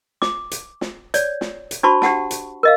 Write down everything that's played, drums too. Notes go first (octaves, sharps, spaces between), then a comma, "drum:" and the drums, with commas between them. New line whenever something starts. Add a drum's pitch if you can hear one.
D6, drum: snare
drum: hi-hat
drum: snare
C#5 D5, drum: hi-hat
drum: snare
drum: hi-hat
D4 F#4 C5 A5 B5 C#6
D4 G4 F#5 A5, drum: snare
drum: hi-hat
A#4 D#5 F5